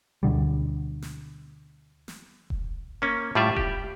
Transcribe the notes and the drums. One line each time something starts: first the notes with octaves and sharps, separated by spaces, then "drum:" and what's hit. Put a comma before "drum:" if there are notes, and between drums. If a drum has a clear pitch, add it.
D2 B2 D3 G3
drum: snare
drum: snare
drum: kick E1
A#3 C#4
A2 G3 F4 D5 E5
G4, drum: kick E1